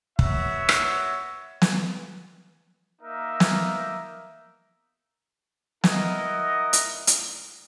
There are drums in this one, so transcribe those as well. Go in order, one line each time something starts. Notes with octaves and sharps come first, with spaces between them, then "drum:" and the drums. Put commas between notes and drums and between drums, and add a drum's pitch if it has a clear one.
B3 F#4 C#5 E5, drum: kick
drum: rim click
drum: snare
A#3 D#4 A#4 E5
drum: snare
E4 A#4 D#5 F#5, drum: snare
drum: hi-hat
drum: hi-hat